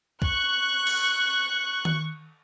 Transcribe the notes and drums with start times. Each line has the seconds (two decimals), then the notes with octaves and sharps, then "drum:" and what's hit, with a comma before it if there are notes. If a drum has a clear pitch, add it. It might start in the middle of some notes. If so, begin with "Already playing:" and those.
0.22 C#6 F#6, drum: kick C2
0.87 drum: cymbal
1.85 drum: tom D#3